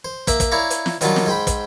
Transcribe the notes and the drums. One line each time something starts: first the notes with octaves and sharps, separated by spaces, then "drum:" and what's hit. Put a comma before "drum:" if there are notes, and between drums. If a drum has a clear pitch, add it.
C5
A#3 E5, drum: kick, hi-hat
drum: kick, hi-hat
E4 C#5 D5 F5 A#5
drum: hi-hat
drum: snare
D#3 F#3 G3 D4 F4, drum: hi-hat
drum: snare
G#2 C5 G5 B5
drum: kick, hi-hat